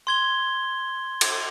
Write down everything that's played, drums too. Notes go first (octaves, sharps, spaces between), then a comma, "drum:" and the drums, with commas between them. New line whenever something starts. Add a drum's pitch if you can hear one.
C6 G#6 G7
drum: cymbal